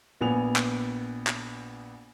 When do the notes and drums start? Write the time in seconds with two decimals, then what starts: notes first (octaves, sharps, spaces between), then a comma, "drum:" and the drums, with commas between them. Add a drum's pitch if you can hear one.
0.21 A#1 B3 G#5 F7
0.56 drum: clap
1.27 drum: clap